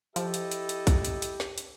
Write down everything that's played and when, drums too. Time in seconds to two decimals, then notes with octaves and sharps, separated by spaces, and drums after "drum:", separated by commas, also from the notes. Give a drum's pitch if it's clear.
0.16 F3 E4 G4 A4 D#5, drum: hi-hat
0.34 drum: hi-hat
0.51 drum: hi-hat
0.69 drum: hi-hat
0.87 drum: kick, hi-hat
1.05 drum: hi-hat
1.22 drum: hi-hat
1.40 drum: snare
1.58 drum: hi-hat